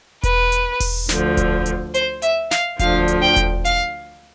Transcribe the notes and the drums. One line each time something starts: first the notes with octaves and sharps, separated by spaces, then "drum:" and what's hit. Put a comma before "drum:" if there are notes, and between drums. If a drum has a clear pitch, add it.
B4, drum: kick E1, hi-hat
drum: hi-hat
drum: kick E1, open hi-hat
D2 D3 F3, drum: snare
drum: kick E1, hi-hat
drum: hi-hat
C5, drum: hi-hat
E5, drum: hi-hat
F5, drum: snare
D2 D3 F3 F5, drum: kick E1, hi-hat
drum: hi-hat
G5
drum: kick E1, hi-hat
F5, drum: hi-hat